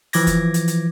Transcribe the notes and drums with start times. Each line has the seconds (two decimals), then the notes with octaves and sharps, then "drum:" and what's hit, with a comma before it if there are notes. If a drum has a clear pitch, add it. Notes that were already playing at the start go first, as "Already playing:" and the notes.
0.13 E3 F3 D6 G#6 A#6, drum: open hi-hat
0.27 drum: kick, hi-hat
0.54 drum: hi-hat
0.68 drum: hi-hat